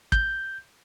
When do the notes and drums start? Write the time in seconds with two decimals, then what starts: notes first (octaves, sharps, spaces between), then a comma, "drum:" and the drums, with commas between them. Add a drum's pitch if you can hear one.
0.12 G6, drum: kick